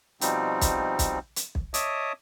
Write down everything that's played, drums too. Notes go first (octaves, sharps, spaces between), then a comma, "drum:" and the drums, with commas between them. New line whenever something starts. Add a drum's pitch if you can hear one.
B2 F3 G3 C4 D#4, drum: hi-hat
drum: kick B1, hi-hat
drum: kick B1, hi-hat
drum: hi-hat
drum: kick B1
C#5 D#5 E5 A5 D6 D#6, drum: hi-hat